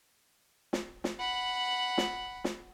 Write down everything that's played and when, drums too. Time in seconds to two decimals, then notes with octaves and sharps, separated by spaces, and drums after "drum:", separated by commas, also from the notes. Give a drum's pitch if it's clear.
0.73 drum: snare
1.04 drum: snare
1.20 F#5 B5
1.98 drum: snare
2.44 drum: snare